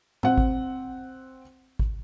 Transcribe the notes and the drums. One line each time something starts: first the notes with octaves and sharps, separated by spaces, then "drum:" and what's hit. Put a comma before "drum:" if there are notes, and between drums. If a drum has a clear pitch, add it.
C4 F#5, drum: tom A2
drum: kick
drum: kick